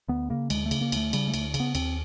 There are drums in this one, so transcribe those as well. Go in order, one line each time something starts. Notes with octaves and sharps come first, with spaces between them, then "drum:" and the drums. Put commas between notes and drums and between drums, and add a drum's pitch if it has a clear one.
D2 B3
C#3 A#3
D2 G#3, drum: cymbal
A3
C#3, drum: cymbal
A#3
D2 A3, drum: cymbal
C#3 G3, drum: cymbal
A3
D2, drum: cymbal
C#3, drum: cymbal
B3
D#2 C4, drum: cymbal